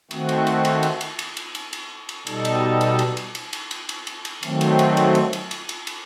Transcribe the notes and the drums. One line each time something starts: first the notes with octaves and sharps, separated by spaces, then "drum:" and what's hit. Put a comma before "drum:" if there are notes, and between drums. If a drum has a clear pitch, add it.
D#3 A3 C4 F#4, drum: cymbal
drum: cymbal
drum: cymbal
drum: cymbal
drum: cymbal
drum: cymbal
drum: cymbal
drum: cymbal
drum: cymbal
drum: cymbal
drum: cymbal
B2 G3 D#4 A4, drum: cymbal
drum: cymbal
drum: cymbal
drum: cymbal
drum: cymbal
drum: cymbal
drum: cymbal
drum: cymbal
drum: cymbal
drum: cymbal
drum: cymbal
D#3 F#3 A3 C4, drum: cymbal
drum: cymbal
drum: cymbal
drum: cymbal
drum: cymbal
drum: cymbal
drum: cymbal
drum: cymbal
drum: cymbal